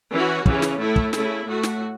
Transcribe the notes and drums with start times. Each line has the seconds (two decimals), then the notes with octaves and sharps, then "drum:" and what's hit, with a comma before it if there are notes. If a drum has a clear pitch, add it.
0.12 E3 C#4 F#4
0.46 C#3 E3 C#4, drum: kick
0.62 drum: snare
0.79 A2 A3 E4
0.96 drum: kick
1.13 C#3 A3 E4, drum: snare
1.46 A2 A3 F#4
1.63 drum: snare